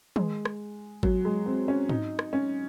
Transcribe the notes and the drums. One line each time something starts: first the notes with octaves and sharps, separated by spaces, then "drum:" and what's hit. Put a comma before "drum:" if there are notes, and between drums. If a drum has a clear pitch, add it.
G#3, drum: tom
drum: rim click
F#3, drum: kick G#1
G#3
C4
C#4
D#4, drum: tom G#2
drum: rim click
C#4